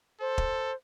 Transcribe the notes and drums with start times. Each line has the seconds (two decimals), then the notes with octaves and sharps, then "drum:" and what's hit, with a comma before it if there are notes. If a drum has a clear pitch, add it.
0.21 A4 C5
0.38 drum: kick